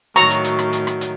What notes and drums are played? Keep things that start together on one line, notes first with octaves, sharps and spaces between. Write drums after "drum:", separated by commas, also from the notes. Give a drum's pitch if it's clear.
A2 D#3 F#3 A#5 C#6, drum: hi-hat
drum: hi-hat
drum: hi-hat
drum: rim click
drum: hi-hat
drum: rim click
drum: hi-hat